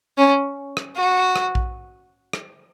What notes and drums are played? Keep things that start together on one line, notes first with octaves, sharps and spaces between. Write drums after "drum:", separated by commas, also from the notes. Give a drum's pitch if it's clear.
C#4
drum: rim click
F#4
drum: rim click
drum: kick A#1
drum: rim click